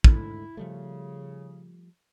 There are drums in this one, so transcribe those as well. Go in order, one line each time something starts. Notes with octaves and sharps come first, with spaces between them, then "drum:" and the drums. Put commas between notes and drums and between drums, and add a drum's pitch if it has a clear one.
G#2 D3 A3 E4, drum: kick
C#3 F3 G3 A3